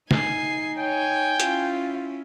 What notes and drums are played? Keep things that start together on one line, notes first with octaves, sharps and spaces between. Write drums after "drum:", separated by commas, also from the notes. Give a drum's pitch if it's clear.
D#4 G#5 C7, drum: snare
C#5 G5 G#5
C#4 E4 F4, drum: hi-hat